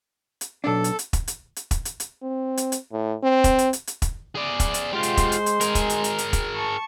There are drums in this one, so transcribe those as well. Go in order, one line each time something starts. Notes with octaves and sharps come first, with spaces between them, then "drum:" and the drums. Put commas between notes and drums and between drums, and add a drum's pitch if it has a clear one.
drum: hi-hat
B1 D4 A4
drum: hi-hat
drum: hi-hat
drum: kick E1, hi-hat
drum: hi-hat
drum: hi-hat
drum: kick E1, hi-hat
drum: hi-hat
drum: hi-hat
C4
drum: hi-hat
drum: hi-hat
A2
C4
drum: kick E1, hi-hat
drum: hi-hat
drum: hi-hat
drum: hi-hat
drum: kick E1, hi-hat
G#4 D5
drum: kick E1, hi-hat
drum: hi-hat
G#3 F4 G4 C5 C6
drum: hi-hat
drum: kick E1, hi-hat
drum: hi-hat
drum: hi-hat
G#4 A#4, drum: hi-hat
drum: kick E1, hi-hat
drum: hi-hat
drum: hi-hat
drum: hi-hat
drum: kick E1, hi-hat
A5 C#6